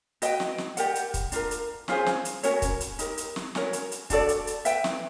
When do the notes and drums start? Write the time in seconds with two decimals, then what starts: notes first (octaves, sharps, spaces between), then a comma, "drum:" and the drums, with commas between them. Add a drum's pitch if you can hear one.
0.22 F#4 B4 D#5 G5, drum: hi-hat
0.40 drum: snare
0.58 drum: snare
0.77 G4 A#4 D5 F#5, drum: hi-hat
0.95 drum: hi-hat
1.14 drum: kick, hi-hat
1.32 D4 F4 A#4, drum: hi-hat
1.51 drum: hi-hat
1.88 C#4 F4 G#4 C5, drum: snare
2.06 drum: snare
2.25 drum: hi-hat
2.43 C#4 F#4 A#4 C#5, drum: hi-hat
2.62 drum: kick, hi-hat
2.80 drum: hi-hat
2.99 D#4 G4 A#4, drum: hi-hat
3.18 drum: hi-hat
3.36 drum: snare
3.55 C#4 F#4 A#4 C#5, drum: snare
3.73 drum: hi-hat
3.92 drum: hi-hat
4.10 D4 F#4 A4 D5, drum: kick, hi-hat
4.29 drum: hi-hat
4.47 drum: hi-hat
4.65 B4 E5 G5, drum: hi-hat
4.84 drum: snare